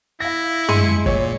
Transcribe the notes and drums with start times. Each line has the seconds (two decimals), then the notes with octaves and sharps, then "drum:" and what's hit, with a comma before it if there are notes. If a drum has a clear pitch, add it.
0.20 E4 F5 A#6
0.69 G#3 C6 C#7 D#7, drum: tom
1.06 A#2 C#5, drum: kick